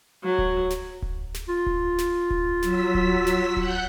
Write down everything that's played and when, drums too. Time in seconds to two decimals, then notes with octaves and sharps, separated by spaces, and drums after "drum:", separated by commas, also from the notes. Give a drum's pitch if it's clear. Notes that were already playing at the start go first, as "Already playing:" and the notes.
0.24 F#3
0.38 drum: kick D1
0.70 drum: snare
1.02 drum: kick D1
1.34 drum: snare
1.49 F4
1.66 drum: kick D1
1.98 drum: snare
2.30 drum: kick D1
2.62 F#3 E6 B6, drum: snare
2.95 drum: kick D1
3.27 drum: snare
3.56 F#5 F#6 G6, drum: kick D1